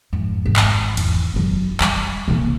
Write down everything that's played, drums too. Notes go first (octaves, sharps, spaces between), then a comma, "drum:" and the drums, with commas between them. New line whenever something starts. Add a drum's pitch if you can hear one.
F2 G#2
G#1
drum: clap
E2, drum: cymbal
F#2 F#3
G3, drum: clap
C#3 A#3